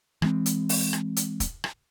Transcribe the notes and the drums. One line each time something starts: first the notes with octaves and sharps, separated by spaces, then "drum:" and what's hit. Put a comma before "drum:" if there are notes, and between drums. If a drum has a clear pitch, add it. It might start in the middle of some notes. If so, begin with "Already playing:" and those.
E3 G#3 C4, drum: rim click
drum: hi-hat
drum: open hi-hat
drum: rim click
drum: hi-hat
drum: kick, hi-hat
drum: rim click